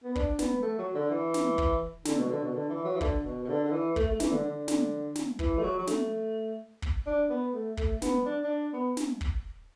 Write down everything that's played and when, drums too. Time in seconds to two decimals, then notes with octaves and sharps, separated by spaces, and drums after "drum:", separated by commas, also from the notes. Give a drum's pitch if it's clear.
0.04 B3
0.15 D4, drum: kick
0.39 B3, drum: snare
0.62 A3
0.78 F#3
0.94 D3
1.10 E3
1.34 drum: snare
1.58 drum: kick
2.05 D3, drum: snare
2.18 B2
2.29 D3
2.42 B2
2.53 D3
2.69 E3
2.85 F#3
2.96 E3
3.01 D3, drum: kick
3.24 B2
3.44 B2
3.49 D3
3.64 D3
3.72 E3
3.96 A3, drum: kick
4.08 A3
4.20 E3, drum: snare
4.32 D3
4.44 D3
4.68 drum: snare
5.15 drum: snare
5.39 E3, drum: kick
5.58 A3
5.63 F#3
5.78 F#3
5.87 A3, drum: snare
6.82 drum: kick
7.06 D4
7.30 B3
7.54 A3
7.77 A3, drum: kick
8.02 B3, drum: snare
8.25 D4
8.44 D4
8.73 B3
8.97 drum: snare
9.21 drum: kick